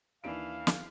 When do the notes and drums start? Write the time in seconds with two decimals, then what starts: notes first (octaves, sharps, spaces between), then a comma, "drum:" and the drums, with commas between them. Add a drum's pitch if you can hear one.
0.24 D#2 E3 D4 F5 D7
0.67 drum: snare